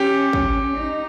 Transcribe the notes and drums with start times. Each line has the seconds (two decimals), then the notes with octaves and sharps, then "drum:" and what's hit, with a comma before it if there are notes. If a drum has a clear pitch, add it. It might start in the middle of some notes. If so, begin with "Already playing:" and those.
Already playing: C#4 G4
0.33 drum: kick
0.77 D#4